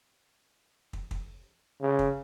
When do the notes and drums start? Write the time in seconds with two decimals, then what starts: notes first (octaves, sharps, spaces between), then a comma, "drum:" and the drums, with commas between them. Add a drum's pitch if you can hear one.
0.93 drum: kick
1.11 drum: kick
1.81 C#3
1.99 drum: kick